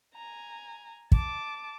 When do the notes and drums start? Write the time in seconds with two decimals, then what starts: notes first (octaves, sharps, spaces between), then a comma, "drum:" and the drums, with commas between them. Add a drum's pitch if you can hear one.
0.14 G#5 A#5
1.12 A5 D6, drum: kick